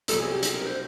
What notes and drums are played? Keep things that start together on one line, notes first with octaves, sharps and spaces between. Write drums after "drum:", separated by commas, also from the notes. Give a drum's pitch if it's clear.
C2 B2 F#3 A4, drum: hi-hat
G#4
G4
G#4, drum: hi-hat
A#4
C5